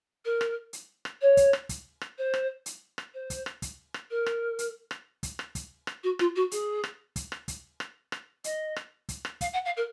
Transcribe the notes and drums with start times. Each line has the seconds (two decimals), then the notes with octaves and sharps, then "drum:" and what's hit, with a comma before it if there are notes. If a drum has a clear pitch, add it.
0.25 A#4
0.41 drum: rim click
0.73 drum: hi-hat
1.05 drum: rim click
1.21 C#5
1.37 drum: kick, hi-hat
1.53 drum: rim click
1.69 drum: kick, hi-hat
2.01 drum: rim click
2.18 C5
2.34 drum: rim click
2.66 drum: hi-hat
2.98 drum: rim click
3.14 C5
3.30 drum: kick, hi-hat
3.46 drum: rim click
3.62 drum: kick, hi-hat
3.94 drum: rim click
4.10 A#4
4.26 drum: rim click
4.59 drum: hi-hat
4.91 drum: rim click
5.23 drum: kick, hi-hat
5.39 drum: rim click
5.55 drum: kick, hi-hat
5.87 drum: rim click
6.03 F#4
6.19 F4, drum: rim click
6.36 F#4
6.51 G#4, drum: hi-hat
6.84 drum: rim click
7.16 drum: kick, hi-hat
7.32 drum: rim click
7.48 drum: kick, hi-hat
7.80 drum: rim click
8.12 drum: rim click
8.44 D#5, drum: hi-hat
8.76 drum: rim click
9.09 drum: kick, hi-hat
9.25 drum: rim click
9.41 F5, drum: kick, hi-hat
9.53 F#5
9.65 F5
9.77 A#4